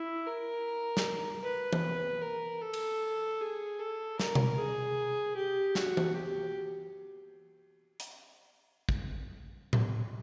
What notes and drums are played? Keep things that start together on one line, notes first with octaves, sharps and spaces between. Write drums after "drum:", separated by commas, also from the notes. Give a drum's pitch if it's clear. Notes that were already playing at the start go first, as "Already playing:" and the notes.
Already playing: E4
A#4
drum: snare
B4
drum: tom E3
A#4
A4
drum: cymbal
G#4
A4
A#4, drum: snare
drum: tom B2
G#4
G4
F#4, drum: snare
drum: tom E3
G4
drum: hi-hat
drum: kick
drum: tom A2